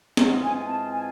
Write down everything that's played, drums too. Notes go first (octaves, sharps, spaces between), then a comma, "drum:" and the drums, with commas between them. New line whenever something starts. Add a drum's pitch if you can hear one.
G#2 E3 G#3 C4 F4 F#5, drum: snare
G#5
A5
G#5